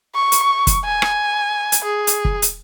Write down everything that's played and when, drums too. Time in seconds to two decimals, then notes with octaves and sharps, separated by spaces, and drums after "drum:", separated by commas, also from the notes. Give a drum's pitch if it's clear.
0.15 C#6
0.32 drum: hi-hat
0.67 drum: kick, hi-hat
0.84 G#5
1.02 drum: rim click
1.72 drum: hi-hat
1.84 G#4
2.07 drum: hi-hat
2.25 drum: kick
2.42 drum: hi-hat